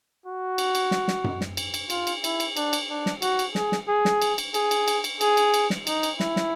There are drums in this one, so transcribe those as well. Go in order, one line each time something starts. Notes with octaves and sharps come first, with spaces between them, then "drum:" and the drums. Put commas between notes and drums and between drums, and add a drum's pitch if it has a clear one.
F#4
drum: cymbal
drum: cymbal
drum: snare
drum: snare
drum: tom F#2
drum: snare
drum: cymbal
drum: cymbal
F4, drum: cymbal
drum: cymbal
E4, drum: cymbal
drum: cymbal
D4, drum: cymbal
drum: cymbal
D4
drum: snare
F#4, drum: cymbal
drum: cymbal
G#4, drum: snare
drum: snare
G#4
drum: snare
drum: cymbal
drum: cymbal
G#4, drum: cymbal
drum: cymbal
drum: cymbal
drum: cymbal
G#4, drum: cymbal
drum: cymbal
drum: cymbal
drum: snare
D#4, drum: cymbal
drum: cymbal
E4, drum: snare
drum: snare